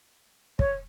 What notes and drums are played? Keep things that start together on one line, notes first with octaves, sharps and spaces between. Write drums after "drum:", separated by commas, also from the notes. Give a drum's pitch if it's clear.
C#5, drum: kick